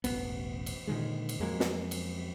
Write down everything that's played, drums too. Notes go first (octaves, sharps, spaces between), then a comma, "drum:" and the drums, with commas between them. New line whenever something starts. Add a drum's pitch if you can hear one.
E1 A1 F2 B3, drum: cymbal
drum: cymbal
A#2 D3 D#3 G#3
drum: cymbal
F2 F#3 G#3 A#3
drum: snare
drum: cymbal